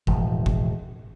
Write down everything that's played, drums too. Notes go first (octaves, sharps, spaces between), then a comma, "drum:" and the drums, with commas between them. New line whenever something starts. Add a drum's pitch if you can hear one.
E1 A2 F3, drum: kick
drum: kick